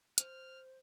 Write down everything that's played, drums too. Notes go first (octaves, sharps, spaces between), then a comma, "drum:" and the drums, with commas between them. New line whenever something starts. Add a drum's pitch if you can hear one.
C5 F6, drum: hi-hat